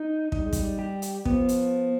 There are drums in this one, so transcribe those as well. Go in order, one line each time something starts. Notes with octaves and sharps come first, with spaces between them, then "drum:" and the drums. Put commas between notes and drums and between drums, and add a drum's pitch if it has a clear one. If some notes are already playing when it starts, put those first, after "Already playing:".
Already playing: D#4
G3 D#4, drum: kick
G#3
G3, drum: kick, hi-hat
G4
drum: hi-hat
F3 B3, drum: kick
drum: hi-hat